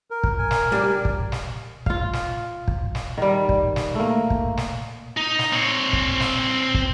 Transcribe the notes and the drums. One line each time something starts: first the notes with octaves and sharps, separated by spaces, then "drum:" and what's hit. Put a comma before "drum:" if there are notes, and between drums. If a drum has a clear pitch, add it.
A#4
drum: kick
A#4 G#5
drum: snare
G3 D4 D5
drum: kick
drum: snare
F4 F5, drum: kick
drum: snare
drum: kick
drum: snare
D#3 G3
drum: kick
drum: snare
A3 A#3
drum: kick
drum: snare
D#4
drum: snare
C4 C#5
drum: kick
drum: snare
drum: kick